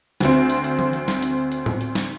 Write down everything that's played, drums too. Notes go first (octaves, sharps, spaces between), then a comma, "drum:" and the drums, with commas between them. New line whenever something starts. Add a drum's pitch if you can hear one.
D2 C4, drum: snare
drum: hi-hat
drum: hi-hat
drum: tom E3
drum: hi-hat
drum: snare
drum: hi-hat
drum: hi-hat
drum: tom A2
drum: hi-hat
drum: snare